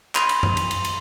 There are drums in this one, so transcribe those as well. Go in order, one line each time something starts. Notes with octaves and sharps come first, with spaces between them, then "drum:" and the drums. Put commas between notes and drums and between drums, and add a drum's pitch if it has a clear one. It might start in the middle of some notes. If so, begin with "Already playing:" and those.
B5 C6 D#7 F7, drum: clap
drum: cymbal
drum: tom F#2
drum: cymbal
drum: cymbal
drum: cymbal